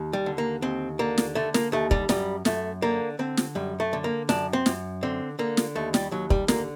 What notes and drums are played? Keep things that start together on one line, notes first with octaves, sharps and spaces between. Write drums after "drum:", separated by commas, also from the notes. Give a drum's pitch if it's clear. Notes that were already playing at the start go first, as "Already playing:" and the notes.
Already playing: D#2
G3
D3
A#3
D#2 C4
D3 A#3
drum: snare
D3 A3
A#3, drum: snare
D#2 A3
G3, drum: kick
F#2 G3, drum: snare
F#2 A3, drum: snare
D3 A#3
D3 C4
drum: snare
F#2 G3
A3
D3
A#3
F#2 D4, drum: snare
C4
F#2, drum: snare
D3 C4
D3 A#3
drum: snare
D#2 A3
G3, drum: snare
D#2 F#3
G3, drum: kick
D3 A#3, drum: snare